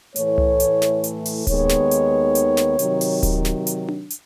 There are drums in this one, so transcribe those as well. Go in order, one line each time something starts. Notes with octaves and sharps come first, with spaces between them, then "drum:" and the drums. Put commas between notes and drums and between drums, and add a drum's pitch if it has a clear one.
A2 E3 A3 C#5, drum: hi-hat
drum: tom C2
drum: hi-hat
drum: snare
drum: hi-hat
drum: open hi-hat
D#2 D#3 G#3 B3 C#5, drum: kick D1, hi-hat
drum: snare
drum: hi-hat
drum: hi-hat
drum: snare
C3 D#3 F#3, drum: hi-hat
drum: open hi-hat
drum: kick D1, hi-hat
drum: snare
drum: hi-hat
drum: tom D4
drum: hi-hat